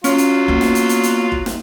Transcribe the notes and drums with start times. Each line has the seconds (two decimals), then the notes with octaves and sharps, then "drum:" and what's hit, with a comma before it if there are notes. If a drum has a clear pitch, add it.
0.04 F#3 C#4 F4, drum: hi-hat
0.18 drum: hi-hat
0.48 A#3 B3, drum: kick F#1
0.61 drum: snare
0.75 drum: hi-hat
0.89 drum: hi-hat
1.03 drum: hi-hat
1.32 drum: kick F#1
1.46 drum: snare